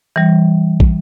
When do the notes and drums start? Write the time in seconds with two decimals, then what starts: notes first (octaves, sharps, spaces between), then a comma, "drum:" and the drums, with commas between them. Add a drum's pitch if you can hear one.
0.16 E3 G3
0.80 drum: kick